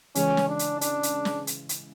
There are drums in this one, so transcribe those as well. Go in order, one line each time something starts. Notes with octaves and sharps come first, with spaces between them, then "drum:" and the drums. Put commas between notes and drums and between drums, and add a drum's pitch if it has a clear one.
C#3 E3 G#3 C#4, drum: hi-hat
drum: snare
D4
drum: hi-hat
D4, drum: hi-hat
drum: hi-hat
drum: snare
drum: hi-hat
drum: hi-hat